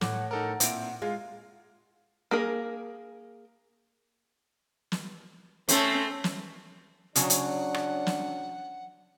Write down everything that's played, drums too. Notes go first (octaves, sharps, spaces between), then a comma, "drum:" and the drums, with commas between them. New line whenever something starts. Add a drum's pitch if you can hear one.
A2 F#5 D6, drum: snare
D#4 A4 A#4 F#5
A#2 C4 E4 D7, drum: hi-hat
G#3 F4 F5
A#3 G#4 A#4
drum: snare
A3 C4 C#4 A4, drum: hi-hat
drum: snare
C#3 F#3 C#4 D4 F#5, drum: hi-hat
drum: hi-hat
drum: rim click
drum: snare